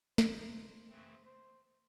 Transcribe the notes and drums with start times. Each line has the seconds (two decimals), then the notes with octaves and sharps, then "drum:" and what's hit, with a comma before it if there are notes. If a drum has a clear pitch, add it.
0.18 F3 A#3 D#4 C5, drum: snare
0.89 F#2 C#3 E3 A3 C4
1.25 C5